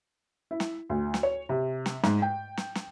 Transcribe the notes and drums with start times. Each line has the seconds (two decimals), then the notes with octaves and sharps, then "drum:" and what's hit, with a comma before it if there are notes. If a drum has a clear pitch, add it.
0.51 E4
0.60 drum: snare
0.90 D2
1.14 drum: snare
1.23 C#5
1.49 C3
1.86 drum: snare
2.04 G#2, drum: snare
2.22 G5
2.57 drum: snare
2.75 drum: snare